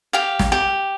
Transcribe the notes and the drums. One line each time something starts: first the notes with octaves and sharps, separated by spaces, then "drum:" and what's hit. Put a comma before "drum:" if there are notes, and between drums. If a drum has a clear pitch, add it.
G4 F5
drum: snare
G4